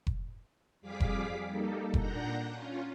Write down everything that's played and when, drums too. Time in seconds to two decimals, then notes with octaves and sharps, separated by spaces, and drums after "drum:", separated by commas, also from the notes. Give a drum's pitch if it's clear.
0.07 drum: kick F1
0.81 F2 G3 G#4 F5 D6 B6
1.00 drum: kick F1
1.47 G3 A#3 D#4 A4
1.94 A#2 D4 F#5 A#5 G6 A#6, drum: kick F1
2.48 C#4 F4